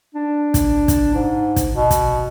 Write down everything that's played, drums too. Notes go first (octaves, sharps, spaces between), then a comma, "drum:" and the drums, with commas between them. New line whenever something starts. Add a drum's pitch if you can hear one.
D4
drum: kick, hi-hat
drum: kick, hi-hat
G#2
drum: kick, hi-hat
B2
drum: kick, hi-hat